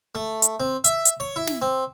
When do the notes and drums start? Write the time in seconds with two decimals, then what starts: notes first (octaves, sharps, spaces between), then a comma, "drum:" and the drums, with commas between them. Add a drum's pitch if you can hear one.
0.15 A3
0.42 drum: hi-hat
0.60 C4
0.84 E5, drum: hi-hat
1.05 drum: hi-hat
1.20 C#5
1.36 E4
1.47 drum: snare
1.62 C4